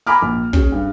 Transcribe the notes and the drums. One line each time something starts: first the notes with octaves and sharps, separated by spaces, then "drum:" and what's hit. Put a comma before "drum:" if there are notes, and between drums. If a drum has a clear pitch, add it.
G#5 A#5 B5 D6 F6
A#1
C#4 G#4, drum: kick
G2